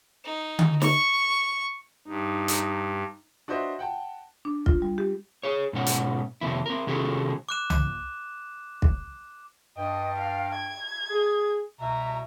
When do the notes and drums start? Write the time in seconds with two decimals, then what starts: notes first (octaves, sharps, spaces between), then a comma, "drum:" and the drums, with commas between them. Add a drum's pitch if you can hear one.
0.24 D#4
0.59 drum: tom D3
0.82 C#6, drum: snare
2.08 G2 D#4
2.48 drum: hi-hat
3.48 D4 F#4 B4 C5 D#5 E5
3.79 F#5 G5 A5
4.45 D4
4.66 F4, drum: kick
4.82 G3
4.98 G4
5.43 G#4 C#5
5.73 G#2 B2 C#4 F#5
5.87 drum: hi-hat
6.41 F2 C3 D#3 E4
6.66 C4 A#4
6.87 C3 D#3 C#4 F#4 G#4 A4
7.49 D6 F#6 E7
7.70 drum: tom C2
8.82 drum: kick
9.77 G2 D#5 G5
10.18 F5
10.55 G#6
11.10 G#4
11.80 C2 B2 E5 A#5